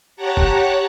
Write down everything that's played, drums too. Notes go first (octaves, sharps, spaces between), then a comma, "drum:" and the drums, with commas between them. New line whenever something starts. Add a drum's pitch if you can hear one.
G4 C#5 F#5 A5 A#5 F#6
drum: kick F1